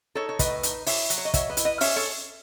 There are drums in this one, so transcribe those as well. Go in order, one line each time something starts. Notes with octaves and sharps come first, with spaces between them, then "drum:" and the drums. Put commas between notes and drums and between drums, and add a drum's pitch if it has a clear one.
D#4 A4 C#5
C#5
A2 B4 D#5, drum: kick, hi-hat
D#4, drum: hi-hat
E4 C#5 E5, drum: open hi-hat
F#3, drum: hi-hat
C#5
D#5
F#3 C#5 E5, drum: kick, hi-hat
B4 D#5
E4, drum: hi-hat
B4 D#5
C#4 C#5 E5, drum: open hi-hat
A4 C#5